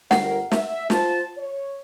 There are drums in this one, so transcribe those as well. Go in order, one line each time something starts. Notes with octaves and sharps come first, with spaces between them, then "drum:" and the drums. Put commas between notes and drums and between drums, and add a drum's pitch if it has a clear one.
G1 A#4 F#5, drum: snare
E5, drum: snare
F4 C5 A5, drum: snare
C#5